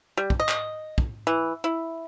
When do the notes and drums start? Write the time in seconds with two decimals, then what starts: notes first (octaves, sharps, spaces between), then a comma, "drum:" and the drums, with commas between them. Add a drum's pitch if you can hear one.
0.17 G3
0.30 drum: kick
0.40 D#5
0.49 drum: clap
0.98 drum: kick
1.27 E3
1.64 E4